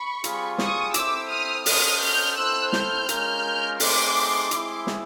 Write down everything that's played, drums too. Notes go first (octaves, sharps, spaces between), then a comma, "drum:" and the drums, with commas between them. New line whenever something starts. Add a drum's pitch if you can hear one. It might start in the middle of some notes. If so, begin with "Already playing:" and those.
Already playing: B5 C#6
G3 C4 F4 G#4, drum: hi-hat
C#6 D#6, drum: snare
C4 E4 A4 C5 E5 D6 E6, drum: hi-hat
D#6 F6
C#4 F#4 A4 C5 D#5 D#6 F6, drum: open hi-hat
F6 G6
C4 E4 A4 C5 E6 F#6
F6 G6, drum: snare
G#3 C#4 F4 A#4, drum: hi-hat
A3 C4 D#4 G#4 C6 D6, drum: open hi-hat
G#3 C4 E4 G#4, drum: hi-hat
drum: snare